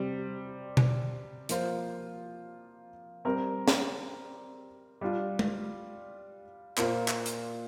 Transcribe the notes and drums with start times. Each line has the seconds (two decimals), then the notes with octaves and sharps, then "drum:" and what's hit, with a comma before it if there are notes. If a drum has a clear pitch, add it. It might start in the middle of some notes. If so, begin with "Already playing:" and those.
Already playing: C3 G3 C4
0.77 drum: tom B2
1.49 F3 A#3 F4 C5, drum: hi-hat
3.25 G3 C4 A#4
3.68 drum: snare
5.01 G3 D4 F4
5.39 drum: tom
6.77 A#2 A#3 F4 C5, drum: clap
7.08 drum: clap
7.26 drum: hi-hat